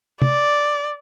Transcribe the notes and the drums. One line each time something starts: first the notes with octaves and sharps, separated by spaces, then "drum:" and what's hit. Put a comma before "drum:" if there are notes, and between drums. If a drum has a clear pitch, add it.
D5, drum: tom